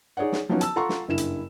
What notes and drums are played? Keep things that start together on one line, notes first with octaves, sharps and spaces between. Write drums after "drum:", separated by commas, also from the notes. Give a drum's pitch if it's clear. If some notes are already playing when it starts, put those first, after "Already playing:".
D#4 G#4 C#5 D5 F#5
drum: snare
F3 F#3 B3 C#4 D#4 F#4
A5 E6, drum: hi-hat
F4 A4 F#5 A#5 C6 C#6
drum: snare
F#1 G2 E4 E7
drum: hi-hat